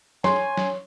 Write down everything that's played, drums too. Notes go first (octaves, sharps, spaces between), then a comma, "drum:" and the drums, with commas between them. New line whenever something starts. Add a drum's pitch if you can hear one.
C#5 G#5 C6, drum: snare
drum: snare